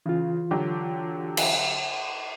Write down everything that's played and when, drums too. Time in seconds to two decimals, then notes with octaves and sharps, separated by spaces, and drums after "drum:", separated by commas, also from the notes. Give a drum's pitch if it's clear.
0.06 C#3 E3 F4
0.51 D3 F#3 G4
1.37 drum: cymbal